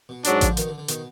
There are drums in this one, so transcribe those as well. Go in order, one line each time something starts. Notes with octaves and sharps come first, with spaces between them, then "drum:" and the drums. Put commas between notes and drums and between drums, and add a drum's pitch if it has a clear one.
B2
G#2 F#3 D4, drum: hi-hat
D3 F3, drum: kick A1, hi-hat
B2 D#3, drum: hi-hat
D3
D3
B2 D#3, drum: hi-hat